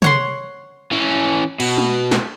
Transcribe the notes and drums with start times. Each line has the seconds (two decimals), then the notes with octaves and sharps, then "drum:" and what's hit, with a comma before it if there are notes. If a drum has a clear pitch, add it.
0.02 C#5 F#5 C6, drum: tom
0.92 E3 C#4
1.60 B2, drum: cymbal
1.78 drum: tom
2.11 drum: snare